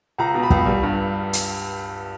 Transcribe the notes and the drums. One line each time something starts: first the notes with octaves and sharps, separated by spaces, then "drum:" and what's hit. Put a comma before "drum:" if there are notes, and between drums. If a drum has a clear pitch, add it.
C#2 A#5
B2
B5
C#2, drum: kick
G3
G2
drum: hi-hat